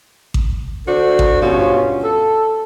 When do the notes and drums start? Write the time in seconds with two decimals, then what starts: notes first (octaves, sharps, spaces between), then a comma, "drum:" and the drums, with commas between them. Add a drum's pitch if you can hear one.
0.34 drum: kick A1
0.87 D3 F#4 C5 D5
1.19 drum: kick A1
1.41 G2 B2 C#4 F4
2.03 A4